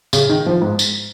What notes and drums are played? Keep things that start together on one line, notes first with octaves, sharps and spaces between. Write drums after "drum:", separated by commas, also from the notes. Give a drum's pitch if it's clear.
C#3, drum: tambourine
D#3
F3
G#2
drum: tambourine